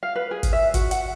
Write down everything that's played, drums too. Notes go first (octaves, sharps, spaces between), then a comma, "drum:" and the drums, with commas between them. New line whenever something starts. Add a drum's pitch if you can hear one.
F5
B4
G#4
drum: kick G1, hi-hat
E5
F#4, drum: kick G1, hi-hat
F#5, drum: hi-hat